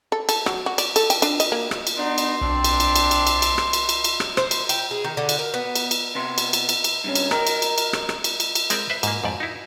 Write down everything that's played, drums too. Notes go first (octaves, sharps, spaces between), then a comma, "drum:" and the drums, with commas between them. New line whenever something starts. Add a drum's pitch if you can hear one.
A4
A4, drum: cymbal
F#3, drum: rim click
F#4
D5, drum: cymbal
A4, drum: cymbal
G5, drum: cymbal
D4, drum: cymbal
D#5, drum: cymbal
A#3
drum: rim click
drum: cymbal
B3 D4 D#4 C6
drum: cymbal
B1 C4 D4
drum: cymbal
drum: cymbal
drum: cymbal
drum: cymbal
drum: cymbal
drum: cymbal
drum: rim click
drum: cymbal
drum: cymbal
drum: cymbal
drum: rim click
C5, drum: rim click
drum: cymbal
G5, drum: cymbal
G#4
D#3
D3
drum: cymbal
A#4
B3
drum: cymbal
drum: cymbal
C3 B3 C6
drum: cymbal
drum: cymbal
drum: cymbal
drum: cymbal
G2 C3 C#4
drum: cymbal
A#4 D#5 A#5, drum: rim click
drum: cymbal
drum: cymbal
drum: cymbal
drum: rim click
drum: rim click
drum: cymbal
drum: cymbal
drum: cymbal
G#3 C4 A#4 D5, drum: cymbal
B4 C5 E5
G#2 A#3, drum: cymbal
F2 G#2 D5
D#4 E4